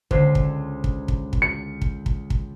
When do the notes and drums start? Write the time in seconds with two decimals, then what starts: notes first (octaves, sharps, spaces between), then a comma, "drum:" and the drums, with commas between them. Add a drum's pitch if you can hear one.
0.11 C#2 D3 C5 C7, drum: kick
0.35 drum: kick
0.84 drum: kick
1.08 drum: kick
1.33 drum: kick
1.42 C#7
1.82 drum: kick
2.06 drum: kick
2.30 drum: kick